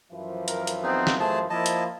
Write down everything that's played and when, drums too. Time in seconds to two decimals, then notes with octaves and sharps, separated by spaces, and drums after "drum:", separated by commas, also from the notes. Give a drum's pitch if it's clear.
0.12 F#2 E3 F3
0.48 A#4, drum: hi-hat
0.67 drum: hi-hat
0.83 B3 C4 D#4 G#4
1.07 drum: snare
1.20 A3 G#4 C5 A5
1.50 F3 A#3 E4 D#5 A5
1.66 drum: hi-hat